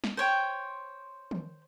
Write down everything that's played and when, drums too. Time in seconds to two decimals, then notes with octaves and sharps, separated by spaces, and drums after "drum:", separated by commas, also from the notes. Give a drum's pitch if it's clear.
0.04 drum: snare
0.17 C5 C#5 G5
1.31 drum: tom D#3